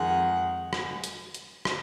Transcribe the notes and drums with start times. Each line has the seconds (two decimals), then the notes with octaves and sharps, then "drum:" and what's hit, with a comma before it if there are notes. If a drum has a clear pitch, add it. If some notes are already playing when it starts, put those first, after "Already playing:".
Already playing: F2 D#3 G#3 F#5
0.73 drum: rim click
1.04 drum: hi-hat
1.34 drum: hi-hat
1.65 drum: rim click